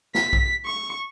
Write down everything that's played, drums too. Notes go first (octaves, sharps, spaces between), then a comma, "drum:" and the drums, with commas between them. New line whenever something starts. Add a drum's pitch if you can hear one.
B6, drum: snare
drum: kick
C#6